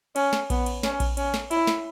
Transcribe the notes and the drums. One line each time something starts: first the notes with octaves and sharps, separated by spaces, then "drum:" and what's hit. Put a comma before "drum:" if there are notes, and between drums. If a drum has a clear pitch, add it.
C#4, drum: cymbal
drum: snare
B3, drum: kick A#1, cymbal
drum: cymbal
C#4, drum: snare
drum: kick A#1, cymbal
C#4, drum: cymbal
drum: snare
E4, drum: cymbal
drum: snare